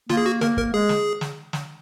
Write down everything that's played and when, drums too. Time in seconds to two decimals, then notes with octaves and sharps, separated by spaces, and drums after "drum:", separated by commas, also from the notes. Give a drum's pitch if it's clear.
0.09 A#3 F4, drum: snare
0.17 G#4
0.26 F#4
0.41 A#3 A#4, drum: snare
0.57 A#4, drum: kick
0.73 G#3 G#4
0.89 drum: snare
1.21 drum: snare
1.53 drum: snare